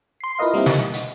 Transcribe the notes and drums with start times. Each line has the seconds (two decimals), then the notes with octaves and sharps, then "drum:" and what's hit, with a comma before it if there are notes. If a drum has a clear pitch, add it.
0.21 C6 C7
0.39 E4 F4 A#4 B4 D#5 F5
0.54 G3 A#3 C4 D#4 E4 G4
0.66 D#5, drum: snare
0.93 drum: hi-hat